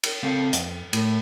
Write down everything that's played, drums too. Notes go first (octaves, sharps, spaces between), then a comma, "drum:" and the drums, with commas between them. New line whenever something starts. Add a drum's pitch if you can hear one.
drum: cymbal
C#2 C4 A4 F5
F2, drum: hi-hat
A2, drum: cymbal